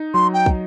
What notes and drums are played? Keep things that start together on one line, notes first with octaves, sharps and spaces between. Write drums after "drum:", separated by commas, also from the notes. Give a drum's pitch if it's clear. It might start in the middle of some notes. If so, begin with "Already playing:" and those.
Already playing: D#4
F#3 C6
G5
drum: kick